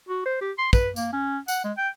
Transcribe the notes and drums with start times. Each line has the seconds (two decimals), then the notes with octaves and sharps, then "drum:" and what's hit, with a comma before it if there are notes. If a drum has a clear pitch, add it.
0.09 F#4
0.26 C5
0.41 G4
0.58 C6
0.73 B4, drum: kick, tambourine
0.96 A#3, drum: tambourine
1.13 C#4
1.48 F#5, drum: tambourine
1.64 G#3
1.78 G5